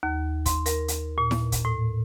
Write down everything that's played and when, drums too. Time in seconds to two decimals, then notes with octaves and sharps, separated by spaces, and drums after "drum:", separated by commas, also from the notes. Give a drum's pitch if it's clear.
0.03 D#2
0.46 C6, drum: kick, hi-hat
0.66 A#4, drum: hi-hat
0.88 drum: hi-hat
1.18 A#2
1.31 drum: snare E4
1.52 drum: kick, hi-hat
1.65 A2